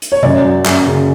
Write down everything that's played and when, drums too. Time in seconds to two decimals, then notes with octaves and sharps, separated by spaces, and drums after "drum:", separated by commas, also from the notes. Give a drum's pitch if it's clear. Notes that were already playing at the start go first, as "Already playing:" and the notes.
0.02 drum: hi-hat
0.12 C#5
0.23 F#2 D5, drum: tom C3
0.45 F#3
0.66 F#2, drum: clap
0.86 C#3